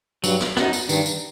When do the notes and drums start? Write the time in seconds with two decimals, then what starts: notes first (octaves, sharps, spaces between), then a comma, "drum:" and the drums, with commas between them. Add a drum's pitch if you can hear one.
0.24 G2 F#3, drum: tambourine
0.40 drum: snare
0.57 F#2 B3 D#4, drum: snare
0.73 drum: tambourine
0.89 G2 D#3, drum: tambourine
1.06 drum: tambourine